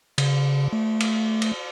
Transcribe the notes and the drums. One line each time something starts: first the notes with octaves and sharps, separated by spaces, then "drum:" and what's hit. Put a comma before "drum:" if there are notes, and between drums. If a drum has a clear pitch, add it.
C#3, drum: cymbal
A3
drum: cymbal
drum: cymbal